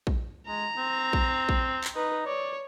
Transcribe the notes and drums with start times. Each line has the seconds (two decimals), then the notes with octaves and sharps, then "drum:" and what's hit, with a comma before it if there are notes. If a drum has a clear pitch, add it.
0.07 drum: kick
0.47 G#3 A#5
0.78 C4
1.13 drum: kick
1.49 drum: kick
1.84 drum: clap
1.96 D#4 B4
2.26 C#5 D5